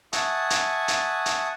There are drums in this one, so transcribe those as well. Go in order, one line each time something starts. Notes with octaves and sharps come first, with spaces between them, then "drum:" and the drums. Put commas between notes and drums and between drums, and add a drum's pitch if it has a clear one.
E5 F#5 G#5 A5 C#6 D#6, drum: hi-hat
drum: hi-hat
drum: hi-hat
drum: hi-hat